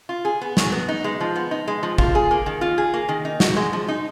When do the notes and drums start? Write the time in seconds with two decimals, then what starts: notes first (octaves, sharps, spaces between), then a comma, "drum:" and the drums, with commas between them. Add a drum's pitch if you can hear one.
0.09 F4
0.25 G#4
0.41 B3
0.57 F#3, drum: snare
0.72 B3
0.89 D#4
1.04 G#3
1.20 F3
1.36 B3
1.51 D#4
1.68 G#3
1.83 F3
1.98 F4, drum: kick
2.15 G#4
2.31 A#3
2.46 D#3
2.61 F4
2.78 G#4
2.94 A#3
3.09 D#3
3.25 D#4
3.40 F#4, drum: snare
3.57 G#3
3.73 F3
3.88 D#4